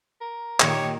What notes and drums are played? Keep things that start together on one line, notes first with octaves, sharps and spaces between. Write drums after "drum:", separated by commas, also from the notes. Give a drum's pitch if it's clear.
A#4
A#2 D#3 D#4 G4 C#5, drum: clap